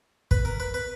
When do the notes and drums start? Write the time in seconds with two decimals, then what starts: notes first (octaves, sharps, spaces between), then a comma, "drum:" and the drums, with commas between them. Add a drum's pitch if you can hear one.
0.31 B4, drum: kick
0.45 A#4
0.60 B4
0.74 B4